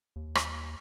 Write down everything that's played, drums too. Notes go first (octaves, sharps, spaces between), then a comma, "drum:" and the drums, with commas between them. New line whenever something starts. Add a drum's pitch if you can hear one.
D#2
drum: rim click